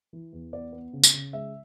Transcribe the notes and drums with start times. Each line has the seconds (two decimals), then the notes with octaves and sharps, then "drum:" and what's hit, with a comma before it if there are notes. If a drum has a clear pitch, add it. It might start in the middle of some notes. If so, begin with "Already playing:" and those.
0.13 E3
0.33 E2
0.53 B3 D5
0.73 B3
0.93 C#3
1.04 drum: tambourine
1.13 C#3
1.33 G#3 E5